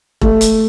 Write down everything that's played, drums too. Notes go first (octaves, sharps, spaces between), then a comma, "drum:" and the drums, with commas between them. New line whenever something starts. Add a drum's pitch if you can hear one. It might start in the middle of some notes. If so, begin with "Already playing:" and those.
A3, drum: kick E1
drum: hi-hat